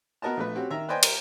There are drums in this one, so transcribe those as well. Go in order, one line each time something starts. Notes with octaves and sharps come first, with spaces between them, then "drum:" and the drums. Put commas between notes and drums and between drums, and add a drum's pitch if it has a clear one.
B3 F#4 A#4 D#5 A5
A#1 A3 B4
C4 C#4 F#4 G4
D#3 E5 A#5
B4 C5 D5 D#5 G5 G#5
A#4, drum: cymbal